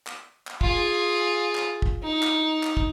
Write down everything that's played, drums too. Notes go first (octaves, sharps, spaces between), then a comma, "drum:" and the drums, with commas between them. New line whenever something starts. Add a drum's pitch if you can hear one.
drum: clap
drum: clap
F4 G#4, drum: kick
drum: clap
drum: kick
D#4
drum: clap
drum: clap
drum: kick